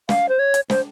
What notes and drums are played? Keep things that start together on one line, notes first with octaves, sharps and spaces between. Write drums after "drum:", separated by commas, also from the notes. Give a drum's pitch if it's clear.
F5, drum: snare
C5
C#5
drum: hi-hat
C5, drum: snare